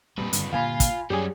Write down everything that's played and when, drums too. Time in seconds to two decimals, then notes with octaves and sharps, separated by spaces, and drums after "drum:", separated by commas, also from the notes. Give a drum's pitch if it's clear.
0.18 F2 A#2 G3 B4
0.33 G2 D3 D#3, drum: hi-hat
0.53 G2 A#2 D3 F4 F5 G#5 B5
0.80 drum: kick, hi-hat
1.10 F#2 G3 C#4 G4 G#4